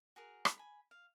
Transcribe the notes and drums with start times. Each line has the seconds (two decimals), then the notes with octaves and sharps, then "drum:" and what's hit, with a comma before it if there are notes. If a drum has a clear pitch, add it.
0.16 F#4 G#4 A#4
0.45 drum: rim click
0.57 G#5 B5
0.91 F5